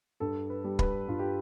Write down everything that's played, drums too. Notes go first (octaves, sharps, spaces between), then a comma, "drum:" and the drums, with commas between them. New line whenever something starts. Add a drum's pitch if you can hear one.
G2 A4
B4
G3
B4, drum: kick
G2 F4
G4